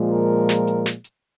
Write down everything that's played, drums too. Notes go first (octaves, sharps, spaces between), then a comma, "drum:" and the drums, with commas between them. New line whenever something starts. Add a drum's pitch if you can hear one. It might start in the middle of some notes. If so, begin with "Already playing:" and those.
Already playing: A#2 F3 G#3
A#4
drum: snare
drum: hi-hat
drum: snare
drum: hi-hat